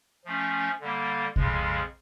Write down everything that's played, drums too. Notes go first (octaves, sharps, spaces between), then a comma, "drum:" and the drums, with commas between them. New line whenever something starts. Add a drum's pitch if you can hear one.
F3 A3 C#4
D3 G3 A#3
F2 C#3 F3 G#3, drum: kick